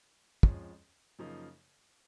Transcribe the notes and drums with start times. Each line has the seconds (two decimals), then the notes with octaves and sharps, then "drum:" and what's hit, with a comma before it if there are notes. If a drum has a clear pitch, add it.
0.43 F2 F3 G#3 C#4, drum: kick
1.19 F#2 C#3 F3 A#3 D#4